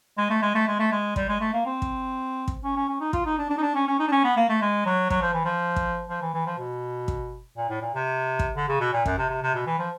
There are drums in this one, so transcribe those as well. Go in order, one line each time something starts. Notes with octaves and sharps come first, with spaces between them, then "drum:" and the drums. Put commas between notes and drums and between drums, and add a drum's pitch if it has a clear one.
G#3
A3
G#3
A3
G#3
A3
G#3
G3, drum: kick
G#3
A3
A#3
C4
drum: kick
drum: kick
C#4
C#4
C#4
D#4
F4, drum: kick
D#4
D4
D4
D#4
D4
C#4
C#4
D#4
D4
C#4
B3
A#3
A3
G#3
F#3
F#3, drum: kick
F3
E3
F3
drum: kick
F3
E3
E3
F3
B2
drum: kick
A#2
A2
A#2
C3
drum: kick
D3
C#3
B2
A#2
F#2, drum: kick
C3
C3
C3
B2
E3
F3